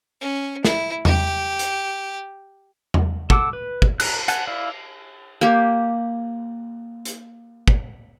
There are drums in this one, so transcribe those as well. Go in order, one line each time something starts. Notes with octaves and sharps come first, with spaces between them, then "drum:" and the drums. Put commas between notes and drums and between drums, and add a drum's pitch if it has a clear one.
C#4
E4, drum: snare
G4, drum: tom E2
drum: hi-hat
drum: tom E2
A4 F#5 D6 E6, drum: kick
B4
drum: kick
A#5 F#6, drum: cymbal
F#5 G#5 A5 F#6, drum: hi-hat
E4 D5 F5
A#3 G4
drum: hi-hat
drum: kick